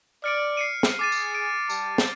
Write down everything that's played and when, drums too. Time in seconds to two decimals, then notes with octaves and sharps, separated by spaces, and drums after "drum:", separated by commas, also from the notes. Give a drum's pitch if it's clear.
0.24 D5 F6 C#7 D7
0.57 C7 C#7 D#7
0.83 drum: snare
0.99 G#4 D6 A6 D#7
1.12 drum: tambourine
1.35 D7
1.70 G3 G4 A5, drum: tambourine
1.98 drum: snare